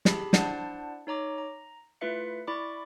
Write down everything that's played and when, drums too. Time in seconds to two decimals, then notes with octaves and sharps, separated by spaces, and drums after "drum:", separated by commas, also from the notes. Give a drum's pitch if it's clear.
0.05 G4 G#4 A5 B5, drum: snare
0.33 D4 E4 C5 D5 F#5 A5, drum: snare
1.07 D#4 C#5 A#5 D6
1.38 A#5
2.01 A3 E4 F4 B4 E5 C#7
2.47 E4 D5 B5 C#6 D6